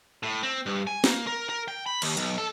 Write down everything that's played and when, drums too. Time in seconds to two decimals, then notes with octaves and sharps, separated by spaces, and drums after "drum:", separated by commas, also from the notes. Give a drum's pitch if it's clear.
0.23 A2
0.43 C4
0.66 G2
0.87 G#5
1.04 A#3, drum: snare
1.27 A#4
1.49 A#4
1.68 G5
1.86 B5
2.02 D#2, drum: cymbal
2.17 B1, drum: hi-hat
2.38 A4